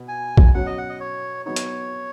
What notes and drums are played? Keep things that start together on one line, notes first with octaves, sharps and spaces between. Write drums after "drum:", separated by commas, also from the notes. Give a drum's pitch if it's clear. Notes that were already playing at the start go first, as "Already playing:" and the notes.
Already playing: B2 B3
G#5
drum: kick
B2 F#3 C#4 F#5
D#5
F#5
D#5
C#5
F#3 B3 D#4 C#5
drum: hi-hat